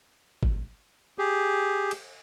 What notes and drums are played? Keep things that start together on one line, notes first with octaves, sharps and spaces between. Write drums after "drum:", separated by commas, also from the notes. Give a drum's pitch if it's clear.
drum: kick G#1
G4 G#4
drum: cymbal